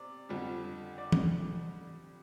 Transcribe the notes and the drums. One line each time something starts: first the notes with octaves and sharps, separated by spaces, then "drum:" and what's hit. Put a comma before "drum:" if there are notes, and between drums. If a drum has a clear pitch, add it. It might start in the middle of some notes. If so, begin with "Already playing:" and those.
Already playing: C3 D5
F2 D3 G3
D5
drum: tom